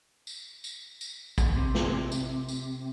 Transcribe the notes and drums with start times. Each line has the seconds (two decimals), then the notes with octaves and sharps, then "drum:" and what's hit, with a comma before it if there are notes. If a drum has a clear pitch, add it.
0.27 drum: tambourine
0.64 drum: tambourine
1.01 drum: tambourine
1.38 drum: kick, tambourine
1.56 C3
1.75 drum: snare
2.12 drum: tambourine
2.48 drum: tambourine